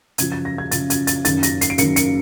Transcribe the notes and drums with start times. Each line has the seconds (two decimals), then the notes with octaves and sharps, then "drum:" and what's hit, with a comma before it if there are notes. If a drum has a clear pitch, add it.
0.18 F#2 C#3 F3 G#6, drum: hi-hat
0.32 A6
0.45 A#6
0.58 G#6
0.71 F#2 C#3 F3 A6, drum: hi-hat
0.90 G#6, drum: hi-hat
1.07 A6, drum: hi-hat
1.25 F#1 F#2 D#3 A6, drum: hi-hat
1.43 A#6, drum: hi-hat
1.61 C7, drum: hi-hat
1.70 D7
1.78 F#1 F#2 D#3 C#7, drum: hi-hat
1.96 C#7, drum: hi-hat